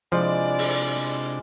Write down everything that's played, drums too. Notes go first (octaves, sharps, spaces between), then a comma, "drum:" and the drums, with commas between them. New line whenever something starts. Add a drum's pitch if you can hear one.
C3 F3 G#3 D4 E4 F4 D5
drum: open hi-hat